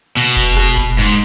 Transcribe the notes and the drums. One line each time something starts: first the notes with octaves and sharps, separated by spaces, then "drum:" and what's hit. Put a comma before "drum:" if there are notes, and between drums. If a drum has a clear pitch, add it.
B2
drum: kick F1, hi-hat
drum: rim click
drum: kick F1, hi-hat
G#2